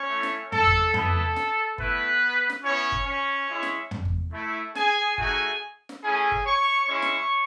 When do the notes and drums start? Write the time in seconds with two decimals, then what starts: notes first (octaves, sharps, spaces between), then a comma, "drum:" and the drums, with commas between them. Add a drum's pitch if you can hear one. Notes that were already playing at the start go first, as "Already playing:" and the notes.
Already playing: C#4 C#5
0.09 A3 E4
0.23 drum: snare
0.52 A4, drum: tom
0.66 drum: kick G1
0.94 B3 E4 A4, drum: tom
1.36 drum: snare
1.78 A3 B3 E4 B4, drum: kick G1
2.50 drum: snare
2.64 B3 C#4 E4 C#5
2.92 drum: kick G1
3.06 C#4 C#5
3.49 G#3 C#4 E4
3.63 drum: snare
3.91 drum: tom
4.05 drum: kick G1
4.33 A3 E4
4.75 G#4 G#5, drum: snare
5.18 A3 D#4 F#4 G#4 G#5, drum: kick G1
5.89 drum: snare
6.03 A3 C#4 E4 G#4 G#5
6.32 drum: kick G1
6.45 C#5 C#6
6.88 G#3 C#4 E4 C#5 C#6
7.02 drum: snare